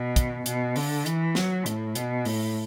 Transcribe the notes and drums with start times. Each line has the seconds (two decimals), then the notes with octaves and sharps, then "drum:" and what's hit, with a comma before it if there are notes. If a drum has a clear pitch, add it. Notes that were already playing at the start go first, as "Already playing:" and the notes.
Already playing: B2
0.16 drum: kick, hi-hat
0.46 B2, drum: hi-hat
0.76 D3, drum: open hi-hat
1.06 E3, drum: hi-hat
1.35 F#3, drum: snare
1.66 A2, drum: hi-hat
1.95 B2, drum: hi-hat
2.25 A2, drum: open hi-hat